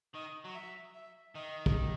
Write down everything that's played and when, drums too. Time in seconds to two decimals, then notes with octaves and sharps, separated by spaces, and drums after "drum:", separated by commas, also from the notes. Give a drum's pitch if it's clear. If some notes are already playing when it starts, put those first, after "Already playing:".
0.15 D#3 D#5
0.45 F#3
0.55 E5
0.95 E5
1.35 D#3 D#5
1.66 drum: kick